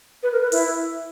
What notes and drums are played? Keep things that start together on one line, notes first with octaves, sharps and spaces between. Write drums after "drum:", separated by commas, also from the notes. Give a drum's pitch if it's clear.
B4
A#4
B4
E4, drum: open hi-hat